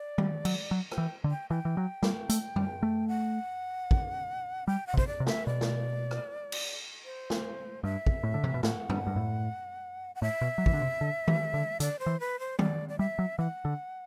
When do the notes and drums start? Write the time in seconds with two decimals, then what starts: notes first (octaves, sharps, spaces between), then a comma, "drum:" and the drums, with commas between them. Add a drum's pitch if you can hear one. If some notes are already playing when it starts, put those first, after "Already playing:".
Already playing: D5
0.18 G3, drum: tom D#3
0.45 F#3, drum: cymbal
0.71 F#3
0.92 G5, drum: rim click
0.98 E3
1.24 D3
1.31 G5
1.50 E3 G5
1.65 E3
1.77 F#3
2.03 G3, drum: snare
2.29 A3, drum: hi-hat
2.56 G3, drum: tom F#2
2.83 A3
3.08 F#5
3.91 drum: kick
4.67 G3 G5
4.87 F#5
4.94 C3
4.98 C5, drum: kick
5.07 D5
5.20 C3
5.27 E5, drum: snare
5.46 B2 D5
5.61 drum: snare
6.11 drum: rim click
6.52 drum: cymbal
7.05 C5
7.30 drum: snare
7.84 G2 E5
8.06 drum: kick
8.23 A2
8.34 D3
8.44 C3, drum: tom G2
8.54 B2
8.63 A2 F#5, drum: snare
8.90 G2, drum: tom F#2
9.07 G2
9.16 A2
10.15 F#5
10.22 A2 E5
10.41 B2
10.58 F#3
10.66 E3, drum: kick
10.73 D3
10.81 C3
11.01 D3
11.28 E3, drum: tom D#3
11.54 D3
11.80 D3 D5, drum: hi-hat
11.99 C5
12.06 E3
12.20 B4
12.40 C5
12.59 G3 D5, drum: tom D#3
12.89 D5
12.99 G3 E5
13.19 F#3
13.39 E3 F#5
13.65 D3